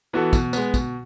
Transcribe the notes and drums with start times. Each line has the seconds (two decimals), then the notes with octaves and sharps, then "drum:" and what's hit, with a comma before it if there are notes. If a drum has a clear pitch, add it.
0.13 E3 B3 F#4 A4
0.33 B2, drum: kick, tambourine
0.53 G#3 B3, drum: tambourine
0.74 B2, drum: kick, tambourine